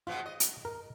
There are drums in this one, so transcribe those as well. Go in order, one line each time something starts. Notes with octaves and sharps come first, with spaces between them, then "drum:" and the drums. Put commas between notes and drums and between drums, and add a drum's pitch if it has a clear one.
G#2 B2 G#3 F4
D#5
drum: hi-hat
A#4